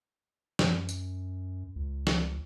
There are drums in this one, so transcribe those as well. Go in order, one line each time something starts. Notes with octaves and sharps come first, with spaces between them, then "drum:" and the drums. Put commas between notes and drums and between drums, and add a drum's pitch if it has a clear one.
F#2, drum: snare
drum: tambourine
C#2
drum: snare